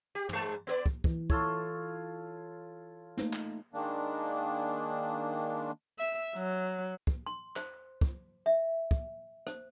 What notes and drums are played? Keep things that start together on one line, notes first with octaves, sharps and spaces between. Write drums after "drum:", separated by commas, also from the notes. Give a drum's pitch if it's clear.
G4
G#2 G#3, drum: tom
B3 A#4 D5
drum: kick
E3, drum: kick
E4 F4 A4 C#5, drum: kick
A3 A#3 D#4, drum: snare
drum: clap
D#3 G#3 A#3 D4
E5
F#3, drum: hi-hat
drum: kick
C6
C5, drum: clap
drum: kick
E5
drum: kick
C5, drum: rim click